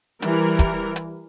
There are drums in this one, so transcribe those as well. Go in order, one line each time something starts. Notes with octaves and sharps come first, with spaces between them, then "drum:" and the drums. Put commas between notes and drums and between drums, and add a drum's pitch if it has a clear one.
E3 G3 A#4, drum: hi-hat
drum: kick, hi-hat
drum: hi-hat